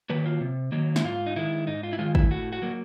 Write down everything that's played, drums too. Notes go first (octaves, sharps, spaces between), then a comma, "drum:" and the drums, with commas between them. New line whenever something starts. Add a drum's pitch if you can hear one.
D#3 F#3 A#3 B4
F4
C3
D#3 F#3 A#3
E4, drum: snare
G#2 F4
D#4
D#3 G#3 E4
G#2 D#4
F4
E4
D#3 G#3 F4
E4, drum: kick
A2 F#4
F#4
F#3 A#3